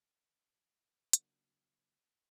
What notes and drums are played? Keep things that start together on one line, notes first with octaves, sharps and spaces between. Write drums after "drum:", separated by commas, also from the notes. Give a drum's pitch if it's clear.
C#3 F#3 A#3 D4 F#4, drum: hi-hat